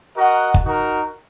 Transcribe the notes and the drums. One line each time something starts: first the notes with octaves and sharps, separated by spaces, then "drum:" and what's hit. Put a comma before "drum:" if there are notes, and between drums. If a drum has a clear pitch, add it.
F#4 A#4 D#5 F#5
drum: kick
D#4 F#4 A#4